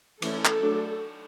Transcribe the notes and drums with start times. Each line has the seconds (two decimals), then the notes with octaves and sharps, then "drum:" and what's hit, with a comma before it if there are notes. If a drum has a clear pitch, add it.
0.22 E3 A3 C#4 A4, drum: cymbal
0.45 drum: clap
0.61 F#3 A3 D4